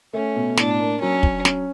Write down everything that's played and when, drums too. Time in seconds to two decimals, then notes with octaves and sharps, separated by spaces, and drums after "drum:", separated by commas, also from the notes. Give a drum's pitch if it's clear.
0.13 A3 C#4
0.36 B2
0.57 A2 D4, drum: snare
0.80 A#3
1.01 F#3 C#4
1.23 F#3, drum: kick
1.45 C#4, drum: snare